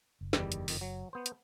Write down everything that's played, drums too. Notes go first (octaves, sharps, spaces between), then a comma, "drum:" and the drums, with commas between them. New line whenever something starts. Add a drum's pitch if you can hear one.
F#1
E2 D#3 G3, drum: snare
drum: hi-hat
F2 D#3, drum: open hi-hat
F#3
B3 C5
drum: hi-hat